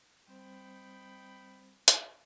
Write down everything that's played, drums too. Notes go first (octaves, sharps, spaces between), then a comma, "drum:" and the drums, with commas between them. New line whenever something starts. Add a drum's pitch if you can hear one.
G3 C4 D#4 C5 G5 B5
drum: hi-hat